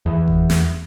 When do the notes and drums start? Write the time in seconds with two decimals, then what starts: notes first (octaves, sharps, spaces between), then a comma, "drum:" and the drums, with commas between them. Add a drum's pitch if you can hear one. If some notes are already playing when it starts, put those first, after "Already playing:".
0.06 E2
0.28 drum: kick F#1
0.50 drum: snare